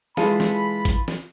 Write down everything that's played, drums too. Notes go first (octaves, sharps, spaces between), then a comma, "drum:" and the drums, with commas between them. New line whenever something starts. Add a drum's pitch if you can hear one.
E3 G#3 F4 G#4 A4 B5, drum: snare
drum: snare
drum: kick G#1, hi-hat
drum: snare